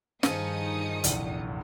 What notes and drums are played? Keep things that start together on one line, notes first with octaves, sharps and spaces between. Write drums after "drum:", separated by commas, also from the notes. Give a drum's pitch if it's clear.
G2 D#3 F3 D#4 G#4 D#6 C#7, drum: snare
F1 A#1 E2, drum: hi-hat